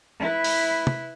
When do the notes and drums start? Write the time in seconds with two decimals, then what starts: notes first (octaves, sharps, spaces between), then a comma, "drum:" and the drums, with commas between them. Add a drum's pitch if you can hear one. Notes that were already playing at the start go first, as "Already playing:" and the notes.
0.19 E4 B4
0.44 drum: open hi-hat
0.87 drum: tom